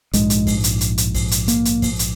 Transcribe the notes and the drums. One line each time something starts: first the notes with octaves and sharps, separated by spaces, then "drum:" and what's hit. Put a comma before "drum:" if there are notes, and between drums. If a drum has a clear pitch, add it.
A#1 G#2 G#3, drum: hi-hat
drum: hi-hat
drum: kick, open hi-hat
drum: hi-hat
drum: hi-hat
drum: hi-hat
drum: kick, open hi-hat
drum: hi-hat
A#3, drum: hi-hat
drum: hi-hat
drum: kick, open hi-hat
drum: hi-hat